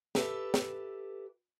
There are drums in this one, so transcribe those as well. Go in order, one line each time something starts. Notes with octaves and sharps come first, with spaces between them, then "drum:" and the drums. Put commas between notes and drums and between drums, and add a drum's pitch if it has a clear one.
G4 A4 B4 E5, drum: snare
drum: snare